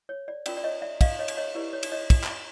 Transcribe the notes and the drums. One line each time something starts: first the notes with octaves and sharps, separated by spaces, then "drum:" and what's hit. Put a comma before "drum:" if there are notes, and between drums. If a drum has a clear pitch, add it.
C#5
D5
C#4 F4 A#4 D5, drum: cymbal
D5
C#5 D#5
D5 E5
D#5 F5, drum: kick, cymbal
C#5 D#5
drum: cymbal
C#5 D#5
E4 G4 B4 D5
C#5
drum: cymbal
C#5 D#5
drum: kick, cymbal
drum: clap